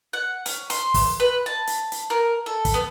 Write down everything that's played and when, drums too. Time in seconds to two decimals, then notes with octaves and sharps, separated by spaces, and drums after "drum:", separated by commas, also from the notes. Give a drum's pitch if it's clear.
0.13 F#5
0.46 C#4, drum: hi-hat
0.70 C6, drum: hi-hat
0.94 drum: kick, open hi-hat
1.20 B4
1.46 A5
1.67 drum: hi-hat
1.92 drum: hi-hat
2.10 A#4
2.46 A4
2.65 drum: kick, hi-hat
2.74 B3